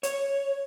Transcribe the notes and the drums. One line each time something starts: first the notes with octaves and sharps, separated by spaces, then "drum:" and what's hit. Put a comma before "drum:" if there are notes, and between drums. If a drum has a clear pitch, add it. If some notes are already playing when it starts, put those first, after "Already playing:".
C#5, drum: hi-hat